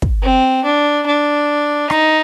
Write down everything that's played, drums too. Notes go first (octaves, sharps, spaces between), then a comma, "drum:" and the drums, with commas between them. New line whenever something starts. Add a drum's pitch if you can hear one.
drum: kick
C4
D4
D4
D#4, drum: rim click